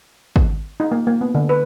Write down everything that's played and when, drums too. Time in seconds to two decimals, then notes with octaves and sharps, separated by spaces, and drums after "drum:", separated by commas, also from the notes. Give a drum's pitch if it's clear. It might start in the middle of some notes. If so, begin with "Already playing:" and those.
0.36 drum: kick
0.80 D#4
0.92 A#3
1.07 A#3
1.21 B3
1.35 D3
1.49 B4